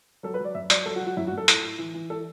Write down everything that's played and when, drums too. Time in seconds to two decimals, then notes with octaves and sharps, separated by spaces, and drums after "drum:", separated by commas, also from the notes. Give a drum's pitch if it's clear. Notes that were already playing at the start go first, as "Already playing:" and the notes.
0.23 F#3 A4
0.34 B4
0.39 F#3
0.44 D5
0.55 F#2 E5
0.70 F#3 D5, drum: hi-hat
0.85 F#3 A4
0.96 F#4
1.01 F#3
1.07 F#4
1.17 F#2 E4
1.27 F#4
1.33 F#2 A4
1.48 A2, drum: hi-hat
1.63 A2
1.79 E3
1.94 E3
2.10 E3 A4